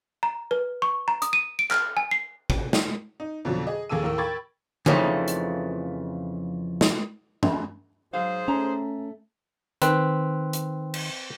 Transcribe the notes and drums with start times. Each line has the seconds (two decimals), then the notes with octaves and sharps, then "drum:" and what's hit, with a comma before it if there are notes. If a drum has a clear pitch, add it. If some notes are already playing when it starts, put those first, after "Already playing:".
0.23 A#5
0.51 B4
0.82 C#6
1.08 A#5
1.22 D#6, drum: hi-hat
1.33 D#7
1.59 D7
1.71 F6, drum: clap
1.97 G#5
2.11 C7
2.50 drum: kick
2.73 drum: snare
3.20 D#4
3.45 F2 B2 D3 F3 F#3
3.67 G#4 D#5
3.89 D#2 D#3 G#4 A4 E6 D#7
4.03 D#2 A2 A#4 E6
4.18 A#4 G5 B5 C#6 G#6 A6
4.86 F2 C#3 E3 F3 A3 D#4, drum: tom D3
5.28 drum: hi-hat
6.81 drum: snare
7.43 drum: tom
8.13 G#2 F#3 G#4 C5 F5
8.48 A3 C#4 A#5
9.82 D#3 C4 B4, drum: hi-hat
10.53 drum: hi-hat
10.94 drum: cymbal